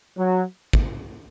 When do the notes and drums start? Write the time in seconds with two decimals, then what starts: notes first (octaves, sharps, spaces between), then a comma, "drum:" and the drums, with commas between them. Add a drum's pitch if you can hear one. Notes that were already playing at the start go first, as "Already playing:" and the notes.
0.17 F#3
0.73 drum: kick